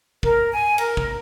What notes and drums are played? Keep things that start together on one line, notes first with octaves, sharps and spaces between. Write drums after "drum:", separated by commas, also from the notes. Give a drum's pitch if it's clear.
A#4, drum: kick
G#5
A#4, drum: cymbal
drum: kick